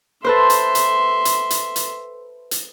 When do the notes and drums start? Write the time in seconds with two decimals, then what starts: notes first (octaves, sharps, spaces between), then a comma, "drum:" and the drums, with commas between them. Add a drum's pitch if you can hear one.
0.24 A4 B4 C5 E5 C6
0.50 drum: hi-hat
0.75 drum: hi-hat
1.25 drum: hi-hat
1.50 drum: hi-hat
1.76 drum: hi-hat
2.51 drum: hi-hat